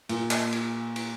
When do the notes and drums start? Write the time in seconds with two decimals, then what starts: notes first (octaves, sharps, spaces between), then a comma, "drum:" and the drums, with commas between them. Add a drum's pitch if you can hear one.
0.09 A#2, drum: cymbal
0.31 drum: clap
0.52 drum: cymbal
0.96 drum: cymbal